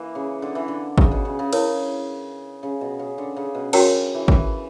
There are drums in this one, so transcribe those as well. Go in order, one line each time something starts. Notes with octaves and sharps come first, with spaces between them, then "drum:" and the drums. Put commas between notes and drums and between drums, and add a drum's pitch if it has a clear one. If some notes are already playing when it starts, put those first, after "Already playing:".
Already playing: E3 A#3
C#3
D3
E3
D3
C#3, drum: kick
B2
C#3
C#3
C#3 E4 A#4 C#5, drum: cymbal
C#3
B2
C#3
D3
C#3
B2
C#3 F#4 A#4 C#5 G5 A#5, drum: cymbal
E3
E3, drum: kick